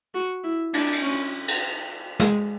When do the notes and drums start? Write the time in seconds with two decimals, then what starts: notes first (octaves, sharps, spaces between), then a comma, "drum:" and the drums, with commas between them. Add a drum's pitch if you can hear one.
0.15 F#4
0.44 E4
0.74 D4, drum: cymbal
0.92 drum: cymbal
1.02 C#4
1.14 drum: hi-hat
1.48 drum: cymbal
2.20 G#3, drum: snare